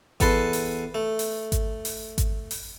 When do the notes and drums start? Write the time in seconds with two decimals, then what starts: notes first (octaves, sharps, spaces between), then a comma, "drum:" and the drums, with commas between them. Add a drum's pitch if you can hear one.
0.20 E2 A4 B4 A5 C6, drum: kick G#1, hi-hat
0.53 drum: open hi-hat
0.95 A3
1.19 drum: open hi-hat
1.52 drum: kick G#1, hi-hat
1.85 drum: open hi-hat
2.18 drum: kick G#1, hi-hat
2.51 drum: open hi-hat